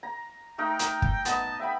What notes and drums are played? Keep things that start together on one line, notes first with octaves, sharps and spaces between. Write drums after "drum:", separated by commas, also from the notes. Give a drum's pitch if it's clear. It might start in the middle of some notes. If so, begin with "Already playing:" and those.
A#5
A3 D#4 A#4 G5
drum: hi-hat
drum: kick
B3 D#5 A5, drum: hi-hat
E5 G5 B5